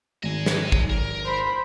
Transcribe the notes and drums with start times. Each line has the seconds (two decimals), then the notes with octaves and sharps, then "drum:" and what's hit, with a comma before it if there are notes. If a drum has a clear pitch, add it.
0.23 G#1 D#5 G#5
0.46 drum: snare
0.72 drum: kick
0.90 A#4
1.24 C5 B5